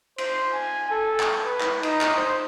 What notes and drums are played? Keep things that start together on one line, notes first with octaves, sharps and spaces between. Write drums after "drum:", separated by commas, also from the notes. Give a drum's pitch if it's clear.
C5, drum: cymbal
G#5
A4
drum: clap
B4
drum: clap
D#4, drum: cymbal
drum: clap
C5